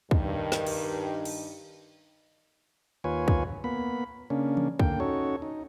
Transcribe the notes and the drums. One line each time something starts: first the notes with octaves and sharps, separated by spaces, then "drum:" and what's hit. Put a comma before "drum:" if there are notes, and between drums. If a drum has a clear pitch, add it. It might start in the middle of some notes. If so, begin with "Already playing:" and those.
G2 D#3, drum: kick
drum: snare
drum: cymbal
drum: cymbal
D#2 F4 B4 C#5 G#5
drum: kick
A#3 B3 B5
C#3 A#3 C#4 D4
drum: tom E3
D3 A#3 G5, drum: kick
C#4 D#4 F#4 A4 C#5
D#4